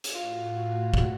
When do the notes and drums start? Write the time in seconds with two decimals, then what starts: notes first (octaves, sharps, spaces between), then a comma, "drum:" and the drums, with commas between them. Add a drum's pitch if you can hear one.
0.04 drum: hi-hat
0.14 A2 F4 F#4
0.94 drum: kick